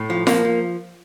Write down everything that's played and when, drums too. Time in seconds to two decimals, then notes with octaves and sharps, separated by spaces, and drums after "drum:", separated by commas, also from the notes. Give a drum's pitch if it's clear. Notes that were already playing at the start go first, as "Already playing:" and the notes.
Already playing: A2
0.10 F3
0.27 F3 A#3, drum: snare F4
0.45 F3